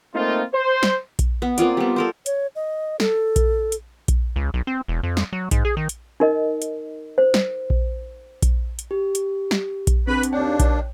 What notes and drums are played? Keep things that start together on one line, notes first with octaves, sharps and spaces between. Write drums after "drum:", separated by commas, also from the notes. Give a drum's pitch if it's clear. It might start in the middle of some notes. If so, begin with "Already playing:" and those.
A3 A#3 C4 D#4 F4
C5
drum: snare
drum: kick A#1, hi-hat
B3
A#3 C4 F4 D5, drum: hi-hat
G3 B3
A4 A#4 C5
C#5, drum: hi-hat
D#5
A4, drum: snare
drum: kick A#1, hi-hat
drum: hi-hat
drum: kick A#1, hi-hat
C#2
B1
C4
E1
F2
drum: snare
F#3
G#2, drum: kick A#1, hi-hat
G#4
D#3
drum: hi-hat
D#4 A#4 D#5
drum: hi-hat
C5
drum: snare
drum: kick A#1
drum: kick A#1, hi-hat
drum: hi-hat
G4
drum: hi-hat
drum: snare
drum: kick A#1, hi-hat
C4 D4 G#4 B4 B5
drum: hi-hat
D#2 D4 C#5 G5
drum: kick A#1, hi-hat